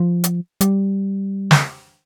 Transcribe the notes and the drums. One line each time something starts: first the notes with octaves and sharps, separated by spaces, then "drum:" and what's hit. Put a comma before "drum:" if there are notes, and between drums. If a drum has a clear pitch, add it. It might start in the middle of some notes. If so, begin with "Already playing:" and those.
Already playing: F3
drum: hi-hat
G3, drum: hi-hat
drum: snare